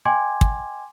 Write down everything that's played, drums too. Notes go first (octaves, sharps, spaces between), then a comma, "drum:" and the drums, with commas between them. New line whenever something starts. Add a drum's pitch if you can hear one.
D#5 G5 G#5 C6 D6 G#6
drum: kick